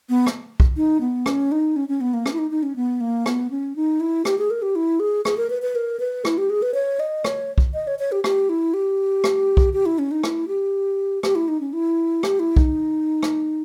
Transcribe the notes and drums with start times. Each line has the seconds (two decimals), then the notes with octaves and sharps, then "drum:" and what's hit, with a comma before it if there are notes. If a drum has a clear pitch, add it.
0.09 B3
0.26 drum: rim click
0.60 drum: kick
0.77 D#4
1.01 B3
1.26 C#4, drum: rim click
1.52 D#4
1.76 C#4
1.89 C#4
2.01 B3
2.14 A#3
2.26 C#4, drum: rim click
2.33 E4
2.39 D#4
2.51 D#4
2.63 C#4
2.76 B3
3.01 A#3
3.26 B3, drum: rim click
3.51 C#4
3.76 D#4
4.00 E4
4.25 G4, drum: rim click
4.38 G#4
4.51 A#4
4.62 G4
4.76 E4
5.00 G#4
5.25 G#4, drum: rim click
5.37 A#4
5.50 B4
5.62 B4
5.75 A#4
6.00 B4
6.25 E4, drum: rim click
6.38 G4
6.50 G#4
6.62 B4
6.74 C#5
7.00 D#5
7.24 C#5, drum: rim click
7.58 drum: kick
7.74 D#5
7.87 C#5
7.99 C#5
8.12 G4
8.24 G4, drum: rim click
8.49 E4
8.74 G4
9.24 drum: rim click
9.57 drum: kick
9.73 G4
9.86 E4
9.99 C#4
10.11 D#4
10.24 E4, drum: rim click
10.48 G4
11.23 G4, drum: rim click
11.35 E4
11.48 D#4
11.61 C#4
11.73 E4
12.23 G4, drum: rim click
12.40 E4
12.57 D#4, drum: kick
13.23 drum: rim click